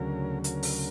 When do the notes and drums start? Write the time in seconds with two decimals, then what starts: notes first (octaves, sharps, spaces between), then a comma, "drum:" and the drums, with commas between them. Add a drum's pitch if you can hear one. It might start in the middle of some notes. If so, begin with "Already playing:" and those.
Already playing: D2 C#3 F#3 A#4
0.44 A#4, drum: hi-hat
0.63 drum: open hi-hat